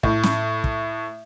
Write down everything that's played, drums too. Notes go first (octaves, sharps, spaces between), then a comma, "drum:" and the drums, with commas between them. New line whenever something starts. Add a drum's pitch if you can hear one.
A2, drum: kick
drum: snare
drum: kick